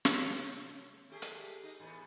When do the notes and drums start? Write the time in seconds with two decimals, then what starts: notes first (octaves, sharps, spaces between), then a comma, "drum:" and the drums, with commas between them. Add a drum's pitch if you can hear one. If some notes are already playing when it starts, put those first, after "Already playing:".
0.05 C3 F#3, drum: snare
1.10 A3 G4 G#4
1.22 drum: hi-hat
1.63 D#4
1.80 A2 E3 B3